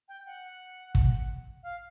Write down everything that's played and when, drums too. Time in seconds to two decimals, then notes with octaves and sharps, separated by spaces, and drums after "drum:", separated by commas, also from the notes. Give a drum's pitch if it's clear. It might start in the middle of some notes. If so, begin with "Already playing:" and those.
0.08 G5
0.26 F#5
0.95 drum: kick
1.63 F5